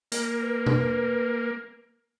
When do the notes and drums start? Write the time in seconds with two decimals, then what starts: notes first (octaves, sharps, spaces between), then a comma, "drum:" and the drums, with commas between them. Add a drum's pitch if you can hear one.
0.12 A#3, drum: hi-hat
0.44 B4
0.66 drum: tom B2